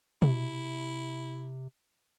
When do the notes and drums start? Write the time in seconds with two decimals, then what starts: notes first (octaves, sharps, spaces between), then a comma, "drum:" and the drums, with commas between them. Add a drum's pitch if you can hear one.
0.22 C3 E4, drum: tom B2